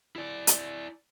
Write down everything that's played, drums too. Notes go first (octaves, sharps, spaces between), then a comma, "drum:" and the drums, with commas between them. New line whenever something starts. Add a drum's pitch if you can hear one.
E4 D5
drum: hi-hat